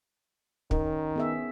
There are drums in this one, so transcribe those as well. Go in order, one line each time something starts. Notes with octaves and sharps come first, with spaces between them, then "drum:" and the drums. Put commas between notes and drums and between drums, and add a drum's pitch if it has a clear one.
D#3 C#4 A#4, drum: kick
B3 G#4 E5